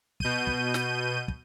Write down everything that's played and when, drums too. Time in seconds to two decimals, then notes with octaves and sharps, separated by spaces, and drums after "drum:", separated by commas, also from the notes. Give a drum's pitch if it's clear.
0.20 B2 G6 D#7, drum: kick
0.47 drum: kick
0.74 drum: snare
1.28 drum: kick